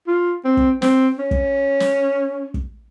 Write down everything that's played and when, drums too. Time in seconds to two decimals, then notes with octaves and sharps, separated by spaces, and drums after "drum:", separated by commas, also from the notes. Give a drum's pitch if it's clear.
0.07 F4
0.44 C4
0.57 drum: kick
0.82 C4, drum: snare
1.18 C#4
1.31 drum: kick
1.80 drum: snare
2.54 drum: kick